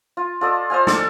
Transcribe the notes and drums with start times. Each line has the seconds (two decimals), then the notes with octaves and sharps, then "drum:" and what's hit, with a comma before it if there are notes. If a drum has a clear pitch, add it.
0.17 F4
0.41 F4 A4 D5 D#5
0.70 C5 D#5 F5 G#5
0.87 A4 D5, drum: snare